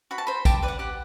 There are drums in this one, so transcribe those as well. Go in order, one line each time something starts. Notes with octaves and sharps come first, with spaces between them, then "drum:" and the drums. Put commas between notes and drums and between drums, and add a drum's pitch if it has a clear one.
F#4 B5
A5
C5 B5
G4 A5, drum: kick, tambourine
B4 D5
F#5
G4 F#5